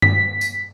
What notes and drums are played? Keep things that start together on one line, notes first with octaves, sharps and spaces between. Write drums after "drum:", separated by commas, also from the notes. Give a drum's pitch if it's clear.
B6, drum: tom G2
drum: tambourine